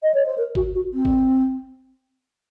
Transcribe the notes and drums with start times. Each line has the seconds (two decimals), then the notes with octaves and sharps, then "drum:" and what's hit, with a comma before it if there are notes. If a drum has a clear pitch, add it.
0.02 D#5
0.14 C#5
0.26 C5
0.37 A#4
0.55 F#4, drum: kick
0.74 F#4
0.93 C4
1.05 drum: kick